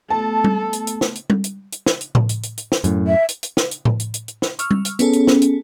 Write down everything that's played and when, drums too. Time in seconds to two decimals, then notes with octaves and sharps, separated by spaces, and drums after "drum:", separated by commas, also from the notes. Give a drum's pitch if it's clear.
0.10 A3 B3 A4 A5
0.44 drum: tom G3
0.73 drum: hi-hat
0.87 drum: hi-hat
1.01 drum: snare
1.15 drum: hi-hat
1.30 drum: tom G3
1.44 drum: hi-hat
1.72 drum: hi-hat
1.86 drum: snare
2.01 drum: hi-hat
2.15 drum: tom A2
2.29 drum: hi-hat
2.43 drum: hi-hat
2.58 drum: hi-hat
2.72 drum: snare
2.84 F#2 A2, drum: hi-hat
3.07 E5
3.29 drum: hi-hat
3.43 drum: hi-hat
3.57 drum: snare
3.71 drum: hi-hat
3.85 drum: tom A2
4.00 drum: hi-hat
4.14 drum: hi-hat
4.28 drum: hi-hat
4.42 drum: snare
4.59 C#6 E6 F6, drum: hi-hat
4.71 drum: tom G3
4.85 drum: hi-hat
4.99 B3 C#4 G#4 A4, drum: hi-hat
5.13 drum: hi-hat
5.27 drum: snare
5.42 drum: hi-hat